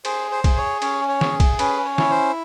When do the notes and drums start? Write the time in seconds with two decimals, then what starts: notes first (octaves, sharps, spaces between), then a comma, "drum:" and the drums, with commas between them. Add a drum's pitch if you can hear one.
0.05 G#4 C5, drum: cymbal
0.31 C5
0.44 G#4, drum: kick B1, cymbal
0.57 C#5
0.82 C#4 C#5, drum: cymbal
1.08 C#5
1.21 G#4, drum: snare
1.40 drum: kick B1, cymbal
1.59 C#4 B4, drum: cymbal
1.84 C#5
1.98 E4, drum: snare
2.11 C5